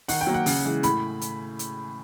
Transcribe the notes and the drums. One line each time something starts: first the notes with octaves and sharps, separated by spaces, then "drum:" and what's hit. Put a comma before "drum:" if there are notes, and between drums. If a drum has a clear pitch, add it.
D#3 F#5, drum: open hi-hat
G5
F#3 A#3
F#5
C#3, drum: open hi-hat
E3 G#3
A2 B5, drum: hi-hat
drum: hi-hat
drum: hi-hat